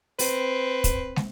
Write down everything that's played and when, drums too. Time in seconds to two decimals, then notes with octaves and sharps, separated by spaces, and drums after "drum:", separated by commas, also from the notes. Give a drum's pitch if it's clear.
0.19 C4 B4, drum: open hi-hat
0.84 drum: kick, hi-hat
1.16 drum: snare